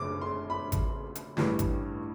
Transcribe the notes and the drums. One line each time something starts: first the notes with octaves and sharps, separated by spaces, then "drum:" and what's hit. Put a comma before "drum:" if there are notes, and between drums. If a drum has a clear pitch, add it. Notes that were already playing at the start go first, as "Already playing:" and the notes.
Already playing: F#1 F#2 C#3 D6
C6
B5
drum: kick G#1, hi-hat
drum: hi-hat
A1 G2 E3 G3, drum: snare
drum: kick G#1, hi-hat